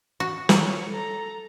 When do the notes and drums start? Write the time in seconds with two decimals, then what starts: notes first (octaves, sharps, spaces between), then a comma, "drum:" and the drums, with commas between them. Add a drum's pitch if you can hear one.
0.20 F#4
0.49 C#5, drum: snare
0.90 A4 A#5